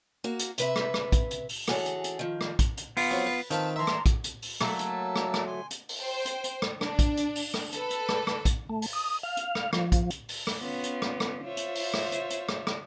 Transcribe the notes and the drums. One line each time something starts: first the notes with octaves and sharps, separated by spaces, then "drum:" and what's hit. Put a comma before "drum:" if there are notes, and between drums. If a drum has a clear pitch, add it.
A#3 F#4
drum: hi-hat
C3 B4 E5, drum: hi-hat
drum: rim click
drum: rim click
drum: kick A#1, hi-hat
drum: hi-hat
drum: open hi-hat
E3 F#4 G#4 A4 C#5, drum: rim click
drum: hi-hat
drum: hi-hat
D#3 F3
drum: rim click
drum: kick A#1, hi-hat
drum: hi-hat
B3 F4, drum: open hi-hat
F#3 C4
B4
D#3 C4 F4 B4 A5, drum: hi-hat
E3 E5 A5 A#5 C6
drum: rim click
drum: kick A#1, hi-hat
drum: hi-hat
drum: open hi-hat
F#3 A3 A#3 A5 E6, drum: rim click
drum: hi-hat
drum: rim click
drum: rim click
G#5 C6
drum: hi-hat
drum: open hi-hat
C5 G5
drum: hi-hat
drum: hi-hat
drum: rim click
D4, drum: rim click
drum: kick A#1, hi-hat
drum: hi-hat
drum: open hi-hat
drum: rim click
A4 B4, drum: hi-hat
drum: hi-hat
drum: rim click
drum: rim click
drum: kick A#1, hi-hat
A3
drum: open hi-hat
D#6
F5
drum: hi-hat
drum: rim click
F3, drum: rim click
drum: kick A#1, hi-hat
drum: hi-hat
drum: open hi-hat
drum: rim click
B3 C#4 F4
drum: hi-hat
drum: rim click
drum: rim click
F4 C5 C#5 E5
drum: hi-hat
drum: open hi-hat
drum: rim click
drum: hi-hat
drum: hi-hat
drum: rim click
drum: rim click